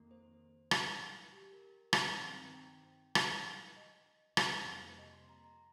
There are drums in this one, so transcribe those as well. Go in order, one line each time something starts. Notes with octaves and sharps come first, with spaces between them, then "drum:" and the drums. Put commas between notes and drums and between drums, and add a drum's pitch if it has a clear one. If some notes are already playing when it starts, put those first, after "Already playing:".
Already playing: F2 D#3 A#3
C5
drum: rim click
G4
A#4
G2 D#3 C4 A#5, drum: rim click
A#5
A#5
G5
drum: rim click
D#5
F2 C3 G3 A#3 C5, drum: rim click
D#5
C6
A#5
A#5